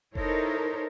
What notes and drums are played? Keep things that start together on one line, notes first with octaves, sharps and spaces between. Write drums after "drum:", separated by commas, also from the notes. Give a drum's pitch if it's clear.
D#4 E4 A4 A#4 C5 C#5, drum: kick F1